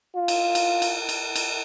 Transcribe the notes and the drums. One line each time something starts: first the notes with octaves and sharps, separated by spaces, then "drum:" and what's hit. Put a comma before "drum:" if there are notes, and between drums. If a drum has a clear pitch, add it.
F4
drum: cymbal
drum: cymbal
drum: cymbal
drum: cymbal
drum: cymbal